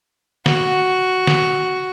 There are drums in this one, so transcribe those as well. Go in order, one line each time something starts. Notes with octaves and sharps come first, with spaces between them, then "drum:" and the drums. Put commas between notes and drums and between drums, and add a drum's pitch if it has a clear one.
F#4, drum: snare
drum: snare